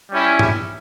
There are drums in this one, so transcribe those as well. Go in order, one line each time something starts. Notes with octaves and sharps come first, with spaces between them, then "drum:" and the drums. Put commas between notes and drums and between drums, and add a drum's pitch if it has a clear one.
G3 C#4 E4
drum: tom G#2